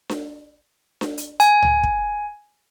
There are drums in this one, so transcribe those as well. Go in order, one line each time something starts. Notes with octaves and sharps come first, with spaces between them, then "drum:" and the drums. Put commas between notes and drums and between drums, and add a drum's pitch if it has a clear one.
drum: snare D4
drum: snare D4
drum: hi-hat
G#5, drum: hi-hat
drum: tom C2
drum: kick